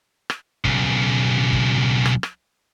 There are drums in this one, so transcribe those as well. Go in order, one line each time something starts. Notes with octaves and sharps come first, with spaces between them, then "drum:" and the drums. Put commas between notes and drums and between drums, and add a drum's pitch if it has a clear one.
drum: rim click
B1 C#3, drum: kick
drum: kick
drum: rim click
drum: rim click